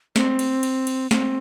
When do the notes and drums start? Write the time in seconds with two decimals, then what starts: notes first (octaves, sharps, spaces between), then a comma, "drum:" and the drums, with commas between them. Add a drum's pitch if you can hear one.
0.16 C4, drum: snare
0.39 drum: cymbal
0.63 drum: cymbal
0.87 drum: cymbal
1.11 C4, drum: snare